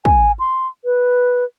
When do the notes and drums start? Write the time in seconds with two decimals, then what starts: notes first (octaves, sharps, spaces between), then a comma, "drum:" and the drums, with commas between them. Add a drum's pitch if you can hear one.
0.05 G#5, drum: kick
0.39 C6
0.85 B4